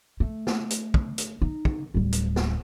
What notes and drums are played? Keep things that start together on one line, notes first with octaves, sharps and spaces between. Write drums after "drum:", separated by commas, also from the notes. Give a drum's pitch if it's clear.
A3
drum: snare
drum: hi-hat
drum: kick
drum: hi-hat
D#4
drum: kick
D1 G3
drum: hi-hat
drum: snare